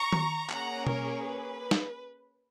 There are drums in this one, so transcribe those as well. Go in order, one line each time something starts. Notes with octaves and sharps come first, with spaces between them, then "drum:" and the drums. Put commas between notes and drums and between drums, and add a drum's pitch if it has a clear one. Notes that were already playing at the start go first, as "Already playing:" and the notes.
Already playing: A#5 C#6
drum: tom D#3
A#3 C#4 G#4 F#5 A#5, drum: clap
A#4 C#5, drum: tom B2
B4
drum: snare